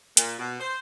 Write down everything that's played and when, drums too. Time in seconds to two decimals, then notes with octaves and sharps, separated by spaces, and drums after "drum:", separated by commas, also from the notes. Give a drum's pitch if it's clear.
0.17 A#2, drum: hi-hat
0.38 B2
0.60 C5